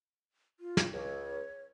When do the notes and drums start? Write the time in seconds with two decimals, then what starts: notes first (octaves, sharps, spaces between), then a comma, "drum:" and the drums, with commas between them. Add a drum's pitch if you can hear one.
0.60 F4
0.77 drum: snare
0.93 C#2 C#5